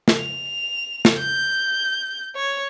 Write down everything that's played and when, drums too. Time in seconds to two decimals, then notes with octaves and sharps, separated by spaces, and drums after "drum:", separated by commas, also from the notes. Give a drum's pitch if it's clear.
0.08 drum: snare
0.18 F7
1.05 drum: snare
1.19 G6
2.36 C#5